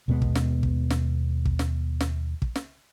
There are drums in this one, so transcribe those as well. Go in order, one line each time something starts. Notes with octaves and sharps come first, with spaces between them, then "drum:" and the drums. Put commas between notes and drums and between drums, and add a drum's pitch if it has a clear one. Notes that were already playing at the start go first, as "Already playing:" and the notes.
D#2 B2 G#3 B3
drum: kick
drum: snare
drum: kick
drum: snare
drum: kick
drum: snare
drum: snare
drum: kick
drum: snare